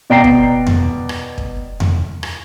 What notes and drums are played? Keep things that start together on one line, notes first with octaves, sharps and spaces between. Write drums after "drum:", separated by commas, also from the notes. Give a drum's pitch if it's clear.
B2 D5 G5 A#5 C7
drum: kick
drum: tom E2
drum: rim click
drum: kick
drum: tom E2
drum: rim click